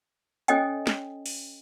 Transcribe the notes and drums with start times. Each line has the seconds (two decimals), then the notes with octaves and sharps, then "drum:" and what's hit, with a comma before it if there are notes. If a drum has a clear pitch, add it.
0.48 C#4 A4 C#5 D#5 G5 G#5, drum: hi-hat
0.87 drum: snare
1.26 drum: open hi-hat